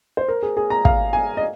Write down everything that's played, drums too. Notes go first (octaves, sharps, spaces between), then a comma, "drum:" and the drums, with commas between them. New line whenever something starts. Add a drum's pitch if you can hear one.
C5
A#4
G#4
G#4
A#5
F5, drum: kick
G#5
D#5